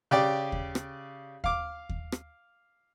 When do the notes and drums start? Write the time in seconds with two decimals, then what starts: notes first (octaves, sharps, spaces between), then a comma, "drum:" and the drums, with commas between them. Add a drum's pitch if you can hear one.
0.11 C#3 G4 D5
0.52 drum: kick D#2
0.75 drum: rim click
1.44 F5 D6, drum: kick D#2
1.89 drum: kick D#2
2.12 drum: rim click